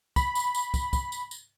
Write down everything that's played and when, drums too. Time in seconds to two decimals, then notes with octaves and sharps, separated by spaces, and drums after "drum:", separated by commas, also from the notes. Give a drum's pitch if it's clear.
0.16 B5, drum: kick, tambourine
0.35 drum: tambourine
0.55 drum: tambourine
0.74 drum: kick, tambourine
0.93 drum: kick, tambourine
1.12 drum: tambourine
1.31 drum: tambourine